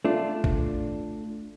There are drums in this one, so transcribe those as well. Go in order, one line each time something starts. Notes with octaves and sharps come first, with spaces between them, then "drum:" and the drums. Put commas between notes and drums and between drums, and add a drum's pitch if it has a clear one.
A3 D4 F4
drum: kick